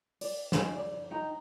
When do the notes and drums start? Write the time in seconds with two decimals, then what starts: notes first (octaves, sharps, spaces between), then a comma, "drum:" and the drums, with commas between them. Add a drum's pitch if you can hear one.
0.21 D5, drum: open hi-hat
0.52 D#4 F#4 G#4, drum: snare
0.76 D5
1.11 D#4 G5 A#5